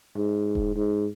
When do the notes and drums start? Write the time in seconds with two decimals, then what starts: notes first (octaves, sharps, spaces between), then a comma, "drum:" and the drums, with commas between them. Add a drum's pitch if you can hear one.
0.16 G#2
0.55 drum: kick E1
0.76 G#2